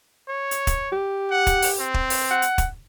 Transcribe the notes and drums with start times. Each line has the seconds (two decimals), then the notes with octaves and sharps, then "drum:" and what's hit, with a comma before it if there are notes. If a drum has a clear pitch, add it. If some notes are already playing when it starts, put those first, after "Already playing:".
0.29 C#5
0.51 drum: hi-hat
0.67 drum: kick, hi-hat
0.93 G4
1.31 F#5
1.47 drum: kick, hi-hat
1.63 drum: open hi-hat
1.79 C4
1.94 drum: kick
2.10 drum: open hi-hat
2.31 F#5
2.42 drum: hi-hat
2.58 drum: kick, hi-hat